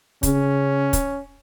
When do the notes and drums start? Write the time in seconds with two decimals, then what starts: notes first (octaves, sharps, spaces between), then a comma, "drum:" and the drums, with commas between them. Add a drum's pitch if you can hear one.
0.23 C#3 C#4, drum: kick, hi-hat
0.93 drum: kick, hi-hat